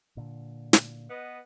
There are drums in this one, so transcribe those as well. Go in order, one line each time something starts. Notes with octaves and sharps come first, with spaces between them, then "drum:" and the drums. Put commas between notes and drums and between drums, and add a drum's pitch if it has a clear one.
A#2 D3
drum: snare
B3 D#5